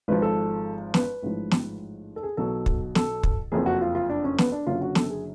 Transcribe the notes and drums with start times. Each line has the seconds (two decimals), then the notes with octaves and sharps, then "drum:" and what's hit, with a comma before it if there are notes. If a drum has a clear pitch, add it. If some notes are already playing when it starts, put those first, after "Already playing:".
0.08 G#1 G#2 F3 B4
0.22 A4
0.94 B4, drum: snare
1.22 A1 G#2 F3
1.51 drum: snare
2.16 A4
2.23 G#4
2.37 B1 B2 F#3 A4
2.66 drum: kick
2.95 A4, drum: snare
3.23 drum: kick
3.52 F#1 F2 F3 G#4
3.66 F#4
3.81 F4
3.95 F4
4.10 D4
4.24 C#4
4.38 B3, drum: snare
4.52 D4
4.67 F#1 F#2 D3 F#3 F4
4.81 F#4
4.95 A4, drum: snare
5.10 G#4